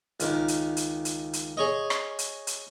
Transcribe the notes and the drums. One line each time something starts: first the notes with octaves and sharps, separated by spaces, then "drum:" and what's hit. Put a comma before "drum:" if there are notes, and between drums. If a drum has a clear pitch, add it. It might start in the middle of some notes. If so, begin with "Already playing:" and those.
C#2 D#3, drum: hi-hat
drum: hi-hat
drum: hi-hat
drum: hi-hat
drum: hi-hat
G#4 C#5 D#5
drum: rim click
drum: hi-hat
drum: hi-hat